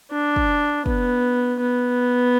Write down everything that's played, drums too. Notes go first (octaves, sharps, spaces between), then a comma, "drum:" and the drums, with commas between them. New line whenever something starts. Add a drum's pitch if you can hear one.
D4
drum: kick
B3, drum: kick
B3